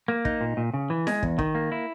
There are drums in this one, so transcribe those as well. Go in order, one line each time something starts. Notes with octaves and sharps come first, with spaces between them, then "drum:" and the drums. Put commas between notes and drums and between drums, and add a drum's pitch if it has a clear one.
A#3
D#4, drum: kick
A#2
A#2
C#3
E3
G#3, drum: snare E4
E2, drum: kick
D#3, drum: kick
A#3
E4